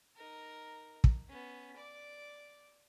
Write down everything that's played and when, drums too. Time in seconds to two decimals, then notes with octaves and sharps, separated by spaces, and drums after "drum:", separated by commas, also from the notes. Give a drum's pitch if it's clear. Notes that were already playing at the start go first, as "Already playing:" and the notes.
0.16 D#4 A#4
1.04 drum: kick
1.29 B3 C#4
1.76 D5 D6